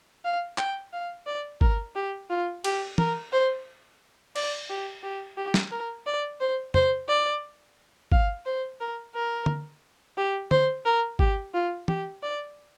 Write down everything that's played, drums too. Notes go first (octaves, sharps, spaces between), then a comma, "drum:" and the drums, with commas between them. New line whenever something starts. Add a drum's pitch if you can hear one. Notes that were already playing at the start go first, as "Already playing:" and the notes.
F5
G5, drum: clap
F5
D5
A#4, drum: kick
G4
F4
G4, drum: cymbal
A#4, drum: tom
C5
D5, drum: cymbal
G4
G4
G4
drum: snare
A#4
D5
C5
C5, drum: tom
D5
F5, drum: kick
C5
A#4
A#4
drum: tom D3
G4
C5, drum: tom D3
A#4
G4, drum: kick
F4
G4, drum: tom
D5